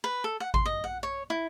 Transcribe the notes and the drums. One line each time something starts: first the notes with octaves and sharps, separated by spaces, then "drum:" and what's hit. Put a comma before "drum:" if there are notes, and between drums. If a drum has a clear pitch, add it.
B4
A4
F#5
C6, drum: kick G#1
D#5
F#5
C#5
E4